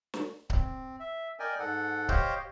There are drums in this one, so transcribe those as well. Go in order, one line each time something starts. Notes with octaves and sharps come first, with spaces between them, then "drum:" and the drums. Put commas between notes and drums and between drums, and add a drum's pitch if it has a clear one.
drum: snare
C4, drum: kick C#1
E5
A#4 D5 D#5 G5 G#5
G#2 A4 F#5
G4 C5 C#5 D#5 F5 G5, drum: kick C#1